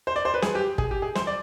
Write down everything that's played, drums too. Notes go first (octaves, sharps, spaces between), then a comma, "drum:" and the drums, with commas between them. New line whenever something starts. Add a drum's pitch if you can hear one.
C5
D5
C5
B4
G#4, drum: snare
G4
G#4, drum: kick
G4
G#4
C5, drum: snare
D5